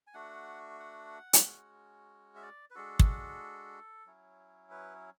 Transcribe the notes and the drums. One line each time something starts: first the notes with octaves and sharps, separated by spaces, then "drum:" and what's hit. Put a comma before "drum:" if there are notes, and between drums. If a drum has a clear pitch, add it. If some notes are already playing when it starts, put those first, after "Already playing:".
G#5
A3 D4 F#4 F#5
F#5
drum: hi-hat
G#3 C#4 F#4
E5
D5
B4
G#3 D4 F#4 A4
drum: kick
F#3 C#4 E4
B4